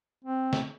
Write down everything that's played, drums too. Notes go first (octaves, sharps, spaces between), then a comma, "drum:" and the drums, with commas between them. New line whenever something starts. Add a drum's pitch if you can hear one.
C4
drum: snare